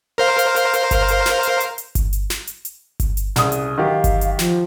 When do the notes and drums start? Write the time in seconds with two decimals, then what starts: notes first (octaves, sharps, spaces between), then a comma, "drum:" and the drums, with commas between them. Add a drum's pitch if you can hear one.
0.18 A#4 C5 F5
0.39 drum: hi-hat
0.56 drum: hi-hat
0.74 drum: hi-hat
0.91 drum: kick G1, hi-hat
1.08 drum: hi-hat
1.26 drum: snare
1.43 drum: hi-hat
1.60 drum: hi-hat
1.78 drum: hi-hat
1.95 drum: kick G1, hi-hat
2.13 drum: hi-hat
2.30 drum: snare
2.47 drum: hi-hat
2.65 drum: hi-hat
3.00 drum: kick G1, hi-hat
3.17 drum: hi-hat
3.36 C2 C#3 D#6, drum: snare
3.52 drum: hi-hat
3.78 D#3 F#3 G4 F5
4.04 drum: kick G1, hi-hat
4.21 drum: hi-hat
4.39 F3, drum: snare